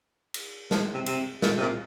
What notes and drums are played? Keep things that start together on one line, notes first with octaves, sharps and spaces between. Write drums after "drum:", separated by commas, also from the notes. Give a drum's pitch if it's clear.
drum: cymbal
F3, drum: snare
C3
C3, drum: cymbal
A#2, drum: snare
C3
A#2